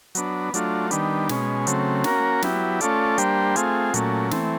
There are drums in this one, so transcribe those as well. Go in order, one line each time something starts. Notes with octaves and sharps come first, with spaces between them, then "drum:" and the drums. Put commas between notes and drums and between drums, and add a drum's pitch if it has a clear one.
F#3 B3 D4, drum: hi-hat
F#3 A3 D4 F4, drum: hi-hat
D#3 G3 B3 D4, drum: hi-hat
B2 G#3 C#4, drum: snare
C#3 F#3 A3 C4, drum: hi-hat
A#3 C#4 F#4 A#4, drum: snare
F#3 B3 E4 G4, drum: snare
A3 C#4 F4 A4 D5, drum: hi-hat
G3 A#3 D4 G4 C5, drum: hi-hat
A3 C4 F4 G#4, drum: hi-hat
A#2 F#3 A3 C#4, drum: hi-hat
E3 A3 C4, drum: snare